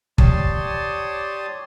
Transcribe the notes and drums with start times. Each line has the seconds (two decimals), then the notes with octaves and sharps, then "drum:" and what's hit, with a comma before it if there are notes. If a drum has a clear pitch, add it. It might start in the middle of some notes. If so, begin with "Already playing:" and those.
0.18 G4 C#5 D5 A5 C6 D#6, drum: kick